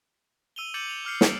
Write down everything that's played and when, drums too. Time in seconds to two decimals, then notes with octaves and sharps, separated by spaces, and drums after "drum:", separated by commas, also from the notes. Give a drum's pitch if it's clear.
0.56 E6 D#7 F7 G7
0.74 D6 G6 A6 C#7 D#7 F#7
0.89 F7
1.05 D6 F6 G6 C7 C#7
1.21 E6 D7 F7, drum: snare